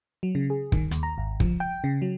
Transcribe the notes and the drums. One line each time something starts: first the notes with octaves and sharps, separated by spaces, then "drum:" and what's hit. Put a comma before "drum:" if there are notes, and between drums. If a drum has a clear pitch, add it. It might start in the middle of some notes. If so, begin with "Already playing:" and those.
F#3
C#3
G#4
D#3, drum: kick
D#2, drum: hi-hat
A#5
G#1
F3, drum: kick
G5
C#3
F#3